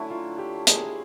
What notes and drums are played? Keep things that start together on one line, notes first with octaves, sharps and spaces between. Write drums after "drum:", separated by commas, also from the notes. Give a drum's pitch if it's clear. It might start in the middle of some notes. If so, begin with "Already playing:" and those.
Already playing: D3 F#3 A3 C#4 E4
F4
G4
G#4, drum: hi-hat